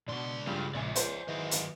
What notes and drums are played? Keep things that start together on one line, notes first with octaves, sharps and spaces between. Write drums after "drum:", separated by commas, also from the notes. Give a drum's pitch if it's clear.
C#2 G#2 B2 D4 C6
G2 F4 G4 G#4
A#1 D5 E5 G#5
C#2 C5, drum: hi-hat
F#2 D#3 E3 G#4 D#5
drum: hi-hat